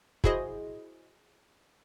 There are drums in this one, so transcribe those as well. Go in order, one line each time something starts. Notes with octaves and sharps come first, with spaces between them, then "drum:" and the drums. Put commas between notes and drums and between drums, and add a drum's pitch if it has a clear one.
E4 F#4 G#4 C5 D#5, drum: kick